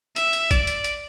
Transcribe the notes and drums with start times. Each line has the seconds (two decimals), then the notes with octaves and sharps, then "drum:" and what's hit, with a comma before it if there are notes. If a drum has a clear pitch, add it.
0.16 E5, drum: hi-hat
0.33 drum: hi-hat
0.51 D5, drum: kick A#1, hi-hat
0.67 drum: hi-hat
0.84 drum: hi-hat